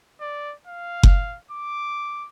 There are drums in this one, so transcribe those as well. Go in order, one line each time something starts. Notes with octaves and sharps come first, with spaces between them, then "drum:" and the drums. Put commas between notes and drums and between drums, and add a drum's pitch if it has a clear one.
D5
F5
drum: kick F#1
D6